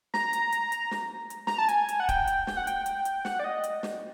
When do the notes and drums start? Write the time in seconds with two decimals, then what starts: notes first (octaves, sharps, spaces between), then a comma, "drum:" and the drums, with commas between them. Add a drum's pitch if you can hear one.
0.14 A#5, drum: snare
0.33 drum: hi-hat
0.52 drum: hi-hat
0.72 drum: hi-hat
0.91 drum: snare
1.30 drum: hi-hat
1.47 A#5, drum: snare
1.58 A5
1.69 G#5, drum: hi-hat
1.89 drum: hi-hat
2.00 F#5
2.09 G5, drum: kick D1, hi-hat
2.27 drum: hi-hat
2.47 G5, drum: snare
2.57 F#5
2.67 G5, drum: hi-hat
2.86 drum: hi-hat
3.05 drum: hi-hat
3.25 F#5, drum: snare
3.39 D5
3.44 D#5
3.64 drum: hi-hat
3.83 drum: snare